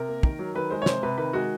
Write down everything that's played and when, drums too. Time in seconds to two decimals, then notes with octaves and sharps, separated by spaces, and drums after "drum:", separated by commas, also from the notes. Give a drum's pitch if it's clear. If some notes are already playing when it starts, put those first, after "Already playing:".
Already playing: C3 A#4
0.09 A#3
0.23 D#3, drum: kick
0.39 F#3
0.55 D#3 B4
0.70 G#3 C5
0.82 C#5
0.86 C3 C5, drum: snare
1.03 C3 B4
1.18 D#3 B4
1.33 G#3 F#4